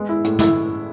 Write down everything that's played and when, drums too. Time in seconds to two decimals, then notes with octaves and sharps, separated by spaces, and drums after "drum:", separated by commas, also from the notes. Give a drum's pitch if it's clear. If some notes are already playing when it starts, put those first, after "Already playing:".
Already playing: G#3 B3
0.09 E4
0.24 A2, drum: hi-hat
0.39 E4, drum: snare